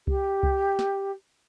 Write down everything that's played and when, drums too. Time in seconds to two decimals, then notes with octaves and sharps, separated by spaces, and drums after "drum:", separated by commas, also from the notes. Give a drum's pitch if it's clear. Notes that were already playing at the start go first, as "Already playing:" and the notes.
0.07 G4, drum: kick C2
0.43 drum: kick C2
0.79 drum: snare